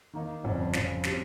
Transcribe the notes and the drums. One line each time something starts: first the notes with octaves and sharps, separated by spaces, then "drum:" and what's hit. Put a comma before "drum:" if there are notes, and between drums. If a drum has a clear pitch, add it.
D#3 A#3 D#4
G1 F2 C#3
F2 C#3 F3, drum: snare
C#3 G3 C4, drum: snare